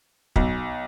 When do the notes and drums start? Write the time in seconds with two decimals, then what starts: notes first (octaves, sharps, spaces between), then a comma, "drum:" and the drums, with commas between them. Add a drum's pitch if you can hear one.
0.36 B1, drum: kick